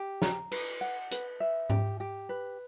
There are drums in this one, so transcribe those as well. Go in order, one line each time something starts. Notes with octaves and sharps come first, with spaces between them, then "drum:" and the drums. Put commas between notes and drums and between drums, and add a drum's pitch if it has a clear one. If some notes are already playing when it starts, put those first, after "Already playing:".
Already playing: G4
A#5, drum: snare
B4, drum: cymbal
F#5
B4, drum: hi-hat
E5
G4, drum: tom G#2
G4
B4